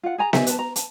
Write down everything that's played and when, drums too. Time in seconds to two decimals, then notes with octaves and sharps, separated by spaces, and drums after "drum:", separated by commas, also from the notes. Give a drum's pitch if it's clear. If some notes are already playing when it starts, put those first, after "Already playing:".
0.03 F4 F#5
0.18 G#4 G#5 A#5
0.33 C5 D#5 E5 G#5, drum: snare B3
0.47 B4 A5, drum: hi-hat
0.59 A#5
0.76 A5, drum: hi-hat